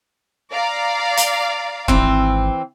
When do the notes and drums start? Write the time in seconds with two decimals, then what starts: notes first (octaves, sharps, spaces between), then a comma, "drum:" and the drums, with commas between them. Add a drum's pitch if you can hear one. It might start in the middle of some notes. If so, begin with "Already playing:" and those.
0.52 D5 F5 A#5
1.17 drum: hi-hat
1.88 G#1 E3 C4, drum: kick